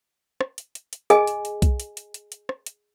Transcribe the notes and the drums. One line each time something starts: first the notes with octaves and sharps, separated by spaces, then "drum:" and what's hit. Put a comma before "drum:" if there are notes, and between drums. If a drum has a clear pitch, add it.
drum: rim click
drum: hi-hat
drum: hi-hat
drum: hi-hat
G#4 D#5 G#5, drum: hi-hat
drum: hi-hat
drum: hi-hat
drum: kick B1, hi-hat
drum: hi-hat
drum: hi-hat
drum: hi-hat
drum: hi-hat
drum: rim click
drum: hi-hat